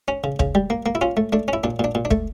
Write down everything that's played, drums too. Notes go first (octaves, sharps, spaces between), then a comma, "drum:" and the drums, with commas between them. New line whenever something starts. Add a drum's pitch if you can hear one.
C#4
C#3
C#3, drum: kick
G3
A#3
A#3
E4
C#4 F4
A3
A3 D4
C#4
E4
A#2 D4
A#2 D4
A#2
D4
A3, drum: kick